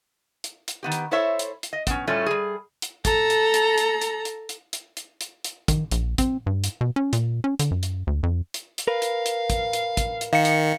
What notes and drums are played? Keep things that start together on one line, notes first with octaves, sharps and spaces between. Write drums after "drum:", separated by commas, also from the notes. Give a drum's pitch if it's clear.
drum: hi-hat
drum: hi-hat
D#3 B3 G4
drum: hi-hat
E4 A4 C5 C#5 E5
drum: hi-hat
drum: hi-hat
D#5
B3 C#4, drum: kick, hi-hat
A2 G3 A3 C#4 F4
G3 G#4
drum: hi-hat
A4 A#5, drum: kick, hi-hat
drum: hi-hat
drum: hi-hat
drum: hi-hat
drum: hi-hat
drum: hi-hat
drum: hi-hat
drum: hi-hat
drum: hi-hat
drum: hi-hat
drum: hi-hat
D#3, drum: kick, hi-hat
A#1, drum: hi-hat
C4, drum: kick, hi-hat
G2
drum: hi-hat
B2
C#4
A#2, drum: hi-hat
C#4
D3, drum: hi-hat
F#2
drum: hi-hat
D2
F2
drum: hi-hat
drum: hi-hat
A#4 B4 F5
drum: hi-hat
drum: hi-hat
drum: kick, hi-hat
drum: hi-hat
drum: kick, hi-hat
drum: hi-hat
D#3 F5 C#7
drum: hi-hat